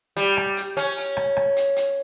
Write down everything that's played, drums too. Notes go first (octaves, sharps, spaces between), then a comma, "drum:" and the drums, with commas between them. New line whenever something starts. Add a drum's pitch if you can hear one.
G3, drum: hi-hat
drum: rim click
drum: hi-hat
C#4, drum: hi-hat
drum: open hi-hat
drum: rim click
drum: rim click
drum: hi-hat
drum: hi-hat